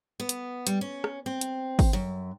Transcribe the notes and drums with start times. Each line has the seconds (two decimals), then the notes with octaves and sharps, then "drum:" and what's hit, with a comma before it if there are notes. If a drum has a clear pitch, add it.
0.20 B3
0.29 drum: hi-hat
0.67 G3, drum: hi-hat
0.81 C#4
1.04 drum: rim click
1.26 C4
1.41 drum: hi-hat
1.79 drum: kick G#1, open hi-hat
1.93 F#2